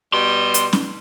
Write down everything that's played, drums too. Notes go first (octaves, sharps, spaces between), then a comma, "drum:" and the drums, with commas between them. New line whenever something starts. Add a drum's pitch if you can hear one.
B2 G3 C6
drum: hi-hat
drum: snare